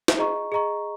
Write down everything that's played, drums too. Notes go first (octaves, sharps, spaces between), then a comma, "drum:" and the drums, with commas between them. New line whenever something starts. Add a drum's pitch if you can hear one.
drum: snare
G#4 D#5 A#5 C#6
G#4 D#5 A#5 C#6